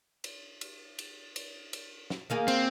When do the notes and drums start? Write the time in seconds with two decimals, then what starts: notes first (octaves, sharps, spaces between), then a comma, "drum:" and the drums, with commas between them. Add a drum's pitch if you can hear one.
0.24 drum: cymbal
0.61 drum: cymbal
0.99 drum: cymbal
1.36 drum: cymbal
1.73 drum: cymbal
2.10 drum: snare
2.30 D#3 A#3 G#4
2.48 C4, drum: cymbal